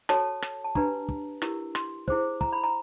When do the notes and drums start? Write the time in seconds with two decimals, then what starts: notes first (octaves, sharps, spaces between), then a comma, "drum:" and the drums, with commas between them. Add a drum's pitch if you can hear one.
0.09 F#4 A4 C#5 A5, drum: rim click
0.42 drum: rim click
0.64 A5
0.75 D4 G4 B4 A#5, drum: kick
1.09 drum: kick
1.42 E4 G4 A#4, drum: rim click
1.75 C6, drum: rim click
2.08 E4 G#4 C5, drum: kick
2.41 A#5, drum: kick
2.52 B5
2.64 A#5